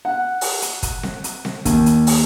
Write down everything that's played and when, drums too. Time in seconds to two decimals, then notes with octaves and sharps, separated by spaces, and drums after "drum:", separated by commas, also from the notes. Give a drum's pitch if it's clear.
0.05 F#5
0.41 drum: open hi-hat
0.62 drum: hi-hat
0.83 drum: kick, hi-hat
1.03 drum: snare C4
1.24 drum: hi-hat
1.45 drum: snare C4
1.65 D#2, drum: kick, hi-hat
1.86 drum: hi-hat
2.07 drum: open hi-hat